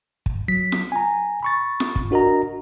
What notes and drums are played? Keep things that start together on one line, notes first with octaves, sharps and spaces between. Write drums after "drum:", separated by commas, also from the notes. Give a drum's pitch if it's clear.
drum: kick
F#3 B6
drum: snare F4
G#5 A#5
B5 C#6 A6
drum: snare F4
drum: kick
D4 F#4 A#4 D#5 A#5